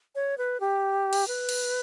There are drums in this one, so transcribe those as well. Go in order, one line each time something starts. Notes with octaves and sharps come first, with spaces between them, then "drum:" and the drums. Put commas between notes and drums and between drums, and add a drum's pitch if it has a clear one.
C#5
B4
G4
drum: cymbal
B4
drum: cymbal